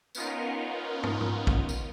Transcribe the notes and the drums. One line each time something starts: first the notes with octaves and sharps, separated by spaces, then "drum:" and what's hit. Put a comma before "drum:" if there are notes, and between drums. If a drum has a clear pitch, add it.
B3 C#4 D#4 F4 A#4, drum: tambourine
drum: tom
drum: tom G#2
drum: kick
drum: tambourine